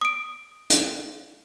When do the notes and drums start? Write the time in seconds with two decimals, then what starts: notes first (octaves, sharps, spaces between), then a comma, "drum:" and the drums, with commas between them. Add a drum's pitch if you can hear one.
0.01 D#6 D7
0.70 drum: hi-hat